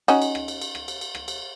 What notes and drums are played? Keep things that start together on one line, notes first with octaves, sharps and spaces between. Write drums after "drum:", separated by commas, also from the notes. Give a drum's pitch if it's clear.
C#4 D#4 F#4, drum: cymbal
drum: cymbal
drum: rim click
drum: cymbal
drum: cymbal
drum: rim click
drum: cymbal
drum: cymbal
drum: rim click
drum: cymbal